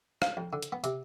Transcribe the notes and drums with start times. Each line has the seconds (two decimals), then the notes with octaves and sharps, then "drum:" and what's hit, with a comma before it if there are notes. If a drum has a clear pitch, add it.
0.22 F5, drum: rim click
0.37 F2
0.53 D3
0.63 drum: hi-hat
0.72 B3
0.84 C3, drum: hi-hat